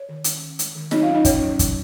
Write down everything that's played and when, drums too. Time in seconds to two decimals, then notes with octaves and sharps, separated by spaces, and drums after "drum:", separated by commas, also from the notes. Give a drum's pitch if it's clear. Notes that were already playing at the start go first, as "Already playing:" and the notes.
Already playing: C#5
0.09 D#3
0.24 C#4, drum: hi-hat
0.42 D#3
0.59 G#3, drum: hi-hat
0.75 D#3
0.91 F#3 D#4 D#5, drum: snare
1.02 F4 F5
1.08 C#4
1.14 D#4 D#5
1.25 C#4 C#5, drum: kick, hi-hat
1.42 F#3
1.59 F#3, drum: kick, hi-hat